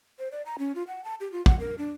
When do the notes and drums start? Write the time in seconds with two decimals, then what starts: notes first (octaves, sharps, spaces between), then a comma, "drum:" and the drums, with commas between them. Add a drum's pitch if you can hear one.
0.19 C5
0.32 D5
0.46 A#5
0.59 C#4
0.75 F4
0.88 F#5
1.04 A5
1.20 G4
1.32 F4
1.46 F#5, drum: kick
1.60 A#4
1.78 D4